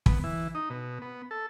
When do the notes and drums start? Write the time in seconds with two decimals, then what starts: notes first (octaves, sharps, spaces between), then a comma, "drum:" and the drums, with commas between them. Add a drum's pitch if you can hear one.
0.06 B3, drum: kick
0.24 E3
0.55 D#4
0.70 B2
1.02 B3
1.31 A4